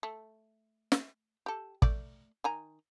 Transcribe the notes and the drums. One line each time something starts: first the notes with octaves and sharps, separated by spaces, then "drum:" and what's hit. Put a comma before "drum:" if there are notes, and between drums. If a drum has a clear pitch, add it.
A3
drum: snare
G4 A4
A3 D5, drum: kick
D#3 G#5 A#5